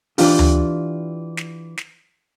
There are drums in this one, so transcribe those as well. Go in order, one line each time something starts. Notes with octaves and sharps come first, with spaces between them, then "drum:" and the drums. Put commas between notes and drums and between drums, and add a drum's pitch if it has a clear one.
E3 D4 F4 G4, drum: open hi-hat
drum: tom D2
drum: snare
drum: snare